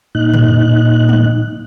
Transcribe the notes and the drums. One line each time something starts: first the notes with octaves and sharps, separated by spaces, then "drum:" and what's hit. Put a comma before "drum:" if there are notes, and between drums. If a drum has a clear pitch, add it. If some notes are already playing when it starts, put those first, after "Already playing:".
A#2 D#4 F#6
drum: tom
drum: tom